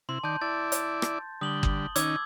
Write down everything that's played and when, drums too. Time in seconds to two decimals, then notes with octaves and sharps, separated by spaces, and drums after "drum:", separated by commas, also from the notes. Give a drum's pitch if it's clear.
0.09 C3 E4 C6
0.24 D#3 D5 A5 G6
0.41 E4 D5 A6
0.72 drum: hi-hat
1.02 drum: rim click
1.41 D3 G3 D#6 F#7 G7
1.63 drum: kick
1.96 D#3 C#4 D#4 D6 E6 G#6, drum: hi-hat